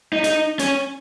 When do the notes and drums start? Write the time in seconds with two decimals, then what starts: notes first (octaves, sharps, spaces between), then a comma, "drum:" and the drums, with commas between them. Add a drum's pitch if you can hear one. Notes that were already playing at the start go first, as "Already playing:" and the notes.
0.13 D#4
0.24 D#4, drum: hi-hat
0.59 C#4, drum: hi-hat